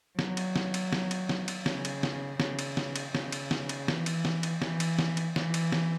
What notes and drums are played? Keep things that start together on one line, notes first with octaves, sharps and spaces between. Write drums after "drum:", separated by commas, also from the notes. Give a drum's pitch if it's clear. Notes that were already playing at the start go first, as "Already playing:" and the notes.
F#3, drum: snare
drum: cymbal
drum: snare
drum: cymbal
drum: snare
drum: cymbal
drum: snare
drum: cymbal
C#3, drum: snare
drum: cymbal
drum: snare
C#3, drum: snare
drum: cymbal
drum: snare
drum: cymbal
C#3, drum: snare
drum: cymbal
drum: snare
drum: cymbal
E3, drum: snare
drum: cymbal
drum: snare
drum: cymbal
E3, drum: snare
drum: cymbal
drum: snare
drum: cymbal
E3, drum: snare
drum: cymbal
drum: snare